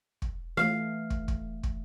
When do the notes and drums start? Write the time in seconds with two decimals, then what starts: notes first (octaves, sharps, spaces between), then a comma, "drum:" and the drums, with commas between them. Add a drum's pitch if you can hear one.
0.22 drum: kick
0.57 E3 A3 F5, drum: snare F4
1.10 drum: kick
1.28 drum: kick
1.63 drum: kick